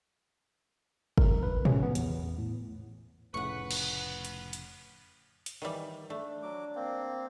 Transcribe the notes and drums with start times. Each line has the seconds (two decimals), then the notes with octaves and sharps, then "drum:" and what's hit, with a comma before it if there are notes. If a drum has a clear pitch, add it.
1.18 A#4, drum: kick
1.43 B4
1.65 C#4, drum: tom A2
1.83 B3
1.95 E2, drum: hi-hat
2.38 A2
3.34 F1 A2 C#3 B4 F#5 C#6
3.71 drum: cymbal
4.25 drum: hi-hat
4.53 drum: hi-hat
5.46 drum: hi-hat
5.62 D#3 E3 G3
6.10 A3 D4
6.42 F#3 D6
6.75 A#3 C4